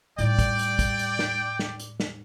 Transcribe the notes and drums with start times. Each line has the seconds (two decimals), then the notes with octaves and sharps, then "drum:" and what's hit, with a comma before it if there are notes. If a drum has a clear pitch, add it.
0.19 A2 G3 D#4 D5 G5, drum: hi-hat
0.39 drum: kick, hi-hat
0.59 drum: hi-hat
0.79 drum: kick, hi-hat
0.99 drum: hi-hat
1.19 drum: snare
1.59 drum: snare
1.79 drum: hi-hat
2.00 drum: snare